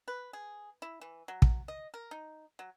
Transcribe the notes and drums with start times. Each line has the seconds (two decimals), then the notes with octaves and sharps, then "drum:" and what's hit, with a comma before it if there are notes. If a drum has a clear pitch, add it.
0.08 B4
0.33 G#4
0.82 E4
1.01 E3
1.28 F#3
1.42 drum: kick
1.68 D#5
1.94 A#4
2.11 D#4
2.59 F#3